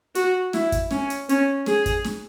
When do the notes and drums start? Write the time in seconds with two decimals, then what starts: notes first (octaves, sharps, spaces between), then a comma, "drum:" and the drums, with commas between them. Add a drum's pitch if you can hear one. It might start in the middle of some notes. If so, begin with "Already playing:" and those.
0.15 F#4, drum: hi-hat
0.53 E4, drum: snare
0.72 drum: kick, hi-hat
0.91 C#4, drum: snare
1.10 drum: hi-hat
1.29 C#4, drum: hi-hat
1.66 G#4, drum: snare
1.86 drum: kick, hi-hat
2.05 drum: snare